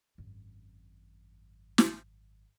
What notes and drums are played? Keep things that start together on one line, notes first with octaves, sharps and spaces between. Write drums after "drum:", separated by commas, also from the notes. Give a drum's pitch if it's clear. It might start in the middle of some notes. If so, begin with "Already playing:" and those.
G#1 F#2
drum: snare